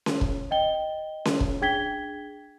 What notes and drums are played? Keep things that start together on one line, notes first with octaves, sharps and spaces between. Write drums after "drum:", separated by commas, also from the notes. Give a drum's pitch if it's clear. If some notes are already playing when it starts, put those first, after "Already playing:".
drum: snare C#4
drum: kick
D#5 G5 G7
drum: snare C#4
drum: kick
D4 G#4 G5 G#6 B6 G7